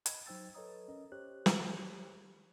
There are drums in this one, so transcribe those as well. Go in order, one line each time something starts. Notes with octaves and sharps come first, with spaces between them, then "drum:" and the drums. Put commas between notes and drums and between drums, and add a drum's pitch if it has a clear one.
D#5 B5 G#6, drum: hi-hat
F#3 D#4 C5 G5 E6 A6
A4 B4 C#5 D#5 A#5 D#6
C#4 A#4 D#5
G4 C5 C#5 F#6
drum: snare